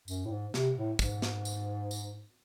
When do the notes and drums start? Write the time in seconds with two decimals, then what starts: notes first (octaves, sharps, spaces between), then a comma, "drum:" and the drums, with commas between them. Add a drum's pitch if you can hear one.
0.08 F#2, drum: tambourine
0.25 A2
0.31 G#2
0.54 C3, drum: snare
0.77 A2
0.99 G#2, drum: kick, tambourine
1.22 drum: snare
1.45 drum: tambourine
1.91 drum: tambourine